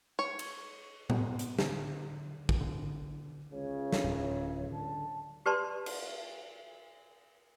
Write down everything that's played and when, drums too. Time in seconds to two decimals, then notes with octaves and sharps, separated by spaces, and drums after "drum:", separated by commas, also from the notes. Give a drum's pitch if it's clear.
0.19 C#5
0.39 drum: cymbal
1.10 B3, drum: tom A2
1.39 drum: hi-hat
1.59 D3, drum: snare
2.49 drum: kick
2.61 D3
3.52 C#2 C#3 C#5
3.92 drum: snare
4.04 D1 A2
4.72 D3 A5
5.46 G4 B4 D5 A5 C6
5.86 drum: cymbal